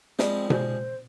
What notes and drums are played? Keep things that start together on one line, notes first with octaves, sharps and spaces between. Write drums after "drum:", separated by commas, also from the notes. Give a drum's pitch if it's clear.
F3 G3 G#3 C4, drum: snare
C5, drum: tom B2